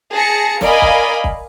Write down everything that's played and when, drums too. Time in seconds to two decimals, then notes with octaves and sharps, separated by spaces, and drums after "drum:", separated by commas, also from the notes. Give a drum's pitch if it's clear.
0.12 G#4 A5 A#6 C#7
0.61 A#4 D5 D#5 F5 G#5 B5, drum: snare
0.82 drum: kick
1.24 drum: kick